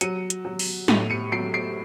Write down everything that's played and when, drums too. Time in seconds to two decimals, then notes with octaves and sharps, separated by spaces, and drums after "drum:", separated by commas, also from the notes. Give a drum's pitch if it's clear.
0.01 F#3 C#7 D#7, drum: hi-hat
0.30 drum: hi-hat
0.45 F#3
0.59 drum: open hi-hat
0.88 A2 D#7 F7, drum: snare
1.10 C#7 D#7
1.32 F#3 C7 D7
1.54 C7 D7